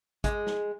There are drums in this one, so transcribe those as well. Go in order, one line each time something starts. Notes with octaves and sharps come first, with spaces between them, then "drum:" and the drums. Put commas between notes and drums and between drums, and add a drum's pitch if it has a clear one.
G#3, drum: kick A1, hi-hat
drum: snare